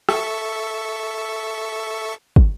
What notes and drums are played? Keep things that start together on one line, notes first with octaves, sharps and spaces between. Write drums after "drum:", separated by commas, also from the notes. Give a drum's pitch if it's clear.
A4 E5 C#6, drum: rim click
drum: kick